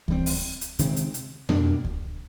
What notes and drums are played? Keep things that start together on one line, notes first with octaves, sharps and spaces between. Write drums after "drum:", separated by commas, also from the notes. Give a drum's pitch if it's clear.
E3 G3 C4, drum: kick C#2
drum: open hi-hat
drum: hi-hat
C3 D#3 G#3 C4, drum: hi-hat
drum: hi-hat
drum: hi-hat
B2 G3 A#3 D4, drum: tom F2
drum: kick C#2